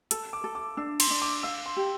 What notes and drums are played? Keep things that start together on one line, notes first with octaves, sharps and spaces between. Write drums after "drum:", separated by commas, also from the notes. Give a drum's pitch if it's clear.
A4 E6, drum: hi-hat
D6
A4
D6
D4 E6
C6, drum: cymbal
D4
D6
F5 E6
C6
G4